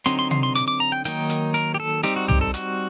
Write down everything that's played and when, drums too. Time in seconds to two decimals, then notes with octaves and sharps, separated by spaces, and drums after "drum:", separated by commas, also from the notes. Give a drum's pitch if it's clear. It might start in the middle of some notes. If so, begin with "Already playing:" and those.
0.06 D3 F#3 C4 D#4 C6, drum: hi-hat
0.19 C6
0.31 C6, drum: tom C3
0.43 C6
0.55 D6, drum: hi-hat
0.68 D6
0.80 A#5
0.92 G5
1.05 D#3 F#3 A#3 D#4 G5, drum: hi-hat
1.30 drum: hi-hat
1.54 A#4, drum: hi-hat
1.74 G4
1.80 A4
2.03 G3 C4 D#4 G4, drum: hi-hat
2.16 F#4
2.28 G4, drum: tom
2.41 A4
2.54 F#4, drum: hi-hat